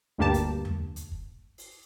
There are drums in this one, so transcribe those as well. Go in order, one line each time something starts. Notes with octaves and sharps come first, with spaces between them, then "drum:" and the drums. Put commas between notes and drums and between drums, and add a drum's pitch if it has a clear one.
D2 G2 A#3 G4 A5
drum: kick, hi-hat
drum: tom E2
drum: hi-hat
drum: kick
drum: open hi-hat